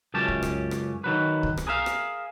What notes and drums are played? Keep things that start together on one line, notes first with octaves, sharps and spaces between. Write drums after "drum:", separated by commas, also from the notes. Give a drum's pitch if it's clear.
C#2 F#2 C#4 G4 A5
drum: kick C2
drum: rim click
drum: rim click
D#3 F#3 B4
drum: kick C2
drum: rim click
G#4 A#4 B4 E5 F5
drum: rim click